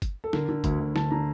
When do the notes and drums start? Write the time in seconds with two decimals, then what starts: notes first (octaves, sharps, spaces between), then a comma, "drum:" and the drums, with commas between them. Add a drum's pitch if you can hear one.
0.02 drum: kick G1, hi-hat
0.24 A4
0.33 D3 A#4, drum: snare
0.49 D3
0.64 D2, drum: kick G1, hi-hat
0.80 D2
0.96 D3 A5, drum: snare
1.11 D3 A#5